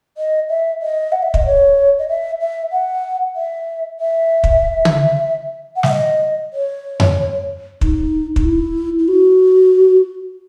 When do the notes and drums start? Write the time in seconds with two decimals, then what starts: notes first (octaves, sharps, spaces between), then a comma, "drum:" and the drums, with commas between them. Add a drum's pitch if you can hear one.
0.17 D#5
0.49 E5
0.82 D#5
1.12 F#5
1.22 E5
1.34 D#5, drum: kick
1.45 C#5
1.98 D#5
2.08 E5
2.40 E5
2.71 F#5
3.35 E5
4.00 E5
4.44 drum: kick
4.85 drum: tom
5.76 F#5
5.83 E5, drum: snare
5.90 D#5
6.53 C#5
7.00 drum: tom F2
7.81 D#4, drum: kick
8.36 D#4, drum: kick
8.44 E4
8.98 E4
9.08 F#4